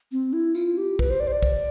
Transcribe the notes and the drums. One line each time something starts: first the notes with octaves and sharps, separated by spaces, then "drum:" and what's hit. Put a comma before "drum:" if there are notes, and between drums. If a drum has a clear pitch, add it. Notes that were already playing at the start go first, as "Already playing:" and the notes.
C4
E4
F4, drum: tambourine
G4
B4, drum: kick
C5
D5
C5
D5
drum: kick, tambourine